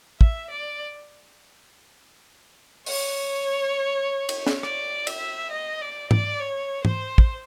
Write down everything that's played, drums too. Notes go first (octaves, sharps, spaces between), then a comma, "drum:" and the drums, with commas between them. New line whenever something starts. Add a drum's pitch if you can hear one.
E5, drum: kick
D5
C#5, drum: open hi-hat
drum: cymbal
drum: snare
D5, drum: rim click
E5, drum: cymbal
D#5
D5
D5, drum: tom G#2
C#5
C5, drum: tom G#2
drum: kick